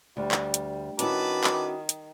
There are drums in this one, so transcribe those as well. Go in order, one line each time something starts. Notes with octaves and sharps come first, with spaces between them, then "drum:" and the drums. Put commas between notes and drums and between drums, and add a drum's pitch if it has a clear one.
D2 G3
drum: clap
drum: hi-hat
D#3 C#4 E4 F#4 B4 A5 D6, drum: hi-hat
drum: clap
drum: hi-hat